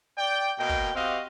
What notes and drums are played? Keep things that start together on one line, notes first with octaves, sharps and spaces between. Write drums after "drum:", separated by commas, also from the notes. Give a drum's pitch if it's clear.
D5 G5
B2 A#3 D#5 G5
drum: kick
C4 F#4 G4 D#5 F5